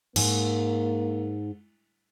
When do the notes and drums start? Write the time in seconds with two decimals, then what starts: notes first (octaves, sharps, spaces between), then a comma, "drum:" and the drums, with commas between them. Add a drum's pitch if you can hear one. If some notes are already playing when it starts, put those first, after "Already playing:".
0.16 G#2 A#3, drum: cymbal